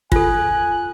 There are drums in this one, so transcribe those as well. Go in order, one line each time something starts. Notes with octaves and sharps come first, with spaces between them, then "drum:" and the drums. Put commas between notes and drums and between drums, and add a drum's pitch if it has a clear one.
F4 A4 G#5 F#6, drum: kick